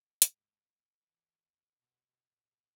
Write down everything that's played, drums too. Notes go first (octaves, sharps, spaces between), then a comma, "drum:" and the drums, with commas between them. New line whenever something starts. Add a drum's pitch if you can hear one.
G#2, drum: hi-hat
E3
D#2
B2
A2